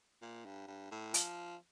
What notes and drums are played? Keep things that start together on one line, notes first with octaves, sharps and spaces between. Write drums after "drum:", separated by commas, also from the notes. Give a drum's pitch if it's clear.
A#2
G2
G2
A2
F3, drum: hi-hat